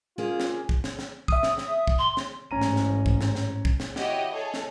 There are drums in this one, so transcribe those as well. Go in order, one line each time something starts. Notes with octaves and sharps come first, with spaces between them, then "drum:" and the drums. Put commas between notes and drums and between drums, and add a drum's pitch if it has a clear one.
A#3 C#4 F4 G#4
drum: snare
drum: kick
drum: snare
drum: snare
E5 D#6, drum: kick
drum: snare
drum: snare
drum: kick
C6
drum: snare
A1 G#2 C#4 A#5 D#7
drum: snare
drum: snare
drum: kick
drum: snare
drum: snare
drum: kick
drum: snare
E4 F#4 G4 C#5 D#5, drum: snare
G#4 A4 C#5
drum: snare